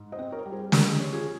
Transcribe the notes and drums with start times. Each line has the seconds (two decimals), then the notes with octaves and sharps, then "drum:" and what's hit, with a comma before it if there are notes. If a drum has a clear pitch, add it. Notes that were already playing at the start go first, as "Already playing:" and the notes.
Already playing: G#2
0.12 C5 D#5
0.18 C4
0.32 A#4 C#5
0.46 G3
0.52 G#4 C5
0.72 G#3 G4 A#4, drum: snare
1.00 C#4
1.13 F4 G#4